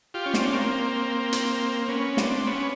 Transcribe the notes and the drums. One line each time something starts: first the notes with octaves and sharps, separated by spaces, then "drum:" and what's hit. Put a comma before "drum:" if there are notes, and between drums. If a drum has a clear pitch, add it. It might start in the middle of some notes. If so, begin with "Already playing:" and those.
F4 G4
C#4
C4 D4, drum: snare
C#4
A#3 C4
drum: hi-hat
C4
B3 C#4
C4 D4, drum: snare
B3 C#4